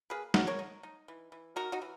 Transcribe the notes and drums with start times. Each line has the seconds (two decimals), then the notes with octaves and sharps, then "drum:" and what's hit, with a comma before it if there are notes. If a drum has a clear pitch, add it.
0.10 A#3 G#4 B4
0.34 C#3 F#4 A#4, drum: snare
0.47 A#4 C#5
0.59 D#4
0.83 D#4
1.08 E3
1.32 E3
1.56 D#4 F#4 A#4
1.72 D#4 F#4
1.82 E3